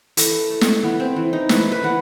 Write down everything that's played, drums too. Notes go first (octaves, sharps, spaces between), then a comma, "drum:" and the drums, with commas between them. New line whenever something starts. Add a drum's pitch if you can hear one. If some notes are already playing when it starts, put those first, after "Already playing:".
E3 A4, drum: hi-hat
A3
drum: snare
E3 B3
C4
E3
D#4
E3 B4, drum: snare
B4
E3 F#5